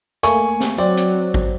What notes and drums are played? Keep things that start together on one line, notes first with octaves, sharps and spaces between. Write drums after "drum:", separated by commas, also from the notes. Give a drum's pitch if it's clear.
A3 A#3 G#5 C#6, drum: hi-hat
drum: snare
F#3 C4 D5
drum: hi-hat
drum: kick